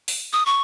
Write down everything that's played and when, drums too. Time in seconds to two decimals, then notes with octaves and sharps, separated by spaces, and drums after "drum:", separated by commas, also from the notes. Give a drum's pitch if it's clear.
0.08 drum: open hi-hat
0.33 D#6
0.46 C#6